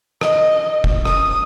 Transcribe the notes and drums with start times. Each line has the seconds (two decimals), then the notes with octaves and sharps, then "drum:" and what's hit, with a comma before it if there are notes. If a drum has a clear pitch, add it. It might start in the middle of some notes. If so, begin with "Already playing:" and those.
0.21 D#5, drum: rim click
0.84 drum: kick
1.05 D#6, drum: rim click